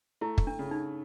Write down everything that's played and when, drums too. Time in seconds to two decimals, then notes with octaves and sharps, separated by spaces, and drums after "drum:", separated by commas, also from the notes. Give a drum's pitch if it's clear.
0.21 A3 E4
0.38 drum: kick
0.47 D4
0.59 C#3
0.71 D#4